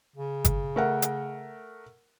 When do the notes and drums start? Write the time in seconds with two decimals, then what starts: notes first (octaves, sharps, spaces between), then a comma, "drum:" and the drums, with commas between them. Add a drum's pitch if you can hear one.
0.16 C#3
0.45 drum: kick G1, hi-hat
0.76 A3 A#4 F#5
1.02 drum: hi-hat